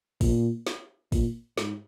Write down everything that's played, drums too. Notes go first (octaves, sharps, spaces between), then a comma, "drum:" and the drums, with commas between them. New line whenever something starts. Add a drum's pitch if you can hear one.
A#2, drum: kick, open hi-hat
drum: snare
A#2, drum: kick, open hi-hat
G#2, drum: snare